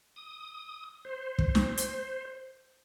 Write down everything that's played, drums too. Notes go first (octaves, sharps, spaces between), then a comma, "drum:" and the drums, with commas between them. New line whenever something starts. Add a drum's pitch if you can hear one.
D#6
C5
drum: kick
drum: snare
drum: hi-hat